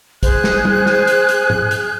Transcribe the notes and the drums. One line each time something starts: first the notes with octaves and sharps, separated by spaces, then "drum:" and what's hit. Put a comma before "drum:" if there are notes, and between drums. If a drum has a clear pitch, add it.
G#4 C5 F#6, drum: kick, hi-hat
drum: snare
drum: tom
drum: snare
drum: hi-hat
drum: hi-hat
drum: tom G#2
drum: hi-hat